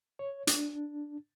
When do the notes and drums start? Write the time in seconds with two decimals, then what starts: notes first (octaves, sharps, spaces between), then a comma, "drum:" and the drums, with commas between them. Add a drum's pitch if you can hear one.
0.19 C#5
0.47 D4, drum: hi-hat